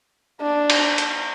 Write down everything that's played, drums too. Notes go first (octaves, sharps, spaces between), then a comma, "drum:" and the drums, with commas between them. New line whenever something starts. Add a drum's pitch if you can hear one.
D4
drum: cymbal
drum: hi-hat